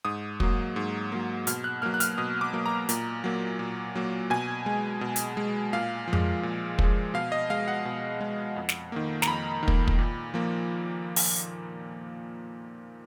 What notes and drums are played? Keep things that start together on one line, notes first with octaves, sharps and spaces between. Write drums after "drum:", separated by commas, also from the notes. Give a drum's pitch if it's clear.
G#2 D#6
F#3 A#3, drum: kick
G#2
F#3 A#3
B2 F6, drum: hi-hat
F#6
F#3 A#3 F6
F#6
F6, drum: hi-hat
B2 D#6
D6
F#3 A#3
A#5
A#2, drum: hi-hat
F#3 A#3
A#2
F#3 A#3
B2 G#5
G#3
B2
drum: hi-hat
G#3
A#2 F5
F3
G#3, drum: tom F2
A#2
F3 G#3, drum: kick
B2 F5
D#5
G#3 F5
F#5
B2
G#3
F2
drum: snare
D#3 A#3
A#5, drum: snare
F2 B5
D#3
A#3, drum: kick
drum: kick
A#2
F3 A#3
drum: open hi-hat